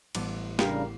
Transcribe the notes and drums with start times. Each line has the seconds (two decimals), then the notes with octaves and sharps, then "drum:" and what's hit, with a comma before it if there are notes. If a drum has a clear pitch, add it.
0.15 A1 G3 B3, drum: cymbal
0.59 C#3 G3 D4 G4 A#4 F5 C7, drum: snare